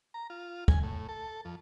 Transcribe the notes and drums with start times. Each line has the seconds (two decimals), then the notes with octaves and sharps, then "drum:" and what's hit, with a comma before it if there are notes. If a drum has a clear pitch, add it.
0.14 A#5
0.30 F4
0.68 G#5, drum: kick
0.83 A2
1.09 A4
1.45 F2